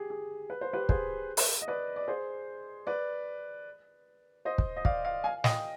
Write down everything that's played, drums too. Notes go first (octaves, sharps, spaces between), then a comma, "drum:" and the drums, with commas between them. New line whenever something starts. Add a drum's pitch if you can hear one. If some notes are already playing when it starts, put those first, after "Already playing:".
Already playing: G4 G#4
G#4
B4
C5
G4 B4
G#4 C5, drum: kick
drum: open hi-hat
D#5
B4 D5
D5
G#4 C5
B4 D5
C5 D#5
drum: kick
D#5
D5 F5, drum: kick
D5 F5
F5 G#5
D#5 G5, drum: snare